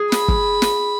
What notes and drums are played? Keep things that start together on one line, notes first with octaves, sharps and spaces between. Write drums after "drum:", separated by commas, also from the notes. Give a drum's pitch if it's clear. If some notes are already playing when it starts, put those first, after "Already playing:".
Already playing: G#4
B5, drum: snare
drum: kick
drum: snare